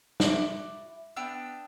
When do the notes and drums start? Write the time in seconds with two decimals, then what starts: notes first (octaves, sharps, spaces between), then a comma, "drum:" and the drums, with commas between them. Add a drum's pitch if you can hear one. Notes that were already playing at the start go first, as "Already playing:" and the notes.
0.20 E4 F#4 D5, drum: snare
1.16 B3 D4 G5 E6